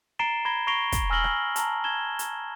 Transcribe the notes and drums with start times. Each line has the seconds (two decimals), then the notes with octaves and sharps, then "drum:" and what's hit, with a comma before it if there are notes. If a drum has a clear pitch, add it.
0.19 A#5 A6 C7 D7 E7 G7
0.45 B5 G#6 A#6 G7
0.67 C#6 A#6 C7 D7 F7 G7
0.92 drum: kick, hi-hat
1.10 G#5 E6 F6 A#6 F#7 G7
1.24 drum: rim click
1.56 A5 A#5, drum: hi-hat
1.84 G#6 E7 G7
2.19 drum: hi-hat